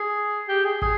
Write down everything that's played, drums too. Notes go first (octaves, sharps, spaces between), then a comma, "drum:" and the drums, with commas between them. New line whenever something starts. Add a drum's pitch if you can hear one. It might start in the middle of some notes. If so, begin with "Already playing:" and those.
Already playing: G#4
G4
G#4
G#4, drum: kick